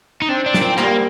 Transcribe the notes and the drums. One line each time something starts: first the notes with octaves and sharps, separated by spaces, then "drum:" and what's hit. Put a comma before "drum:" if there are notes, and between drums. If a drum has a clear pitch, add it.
D#4
C4 D4
D4
A#2, drum: snare
C4
G3 A#3, drum: clap